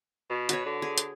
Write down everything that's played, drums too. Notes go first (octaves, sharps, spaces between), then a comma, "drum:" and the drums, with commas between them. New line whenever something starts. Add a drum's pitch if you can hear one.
B2
F#4 B4 C#5, drum: hi-hat
D3
G#4
drum: hi-hat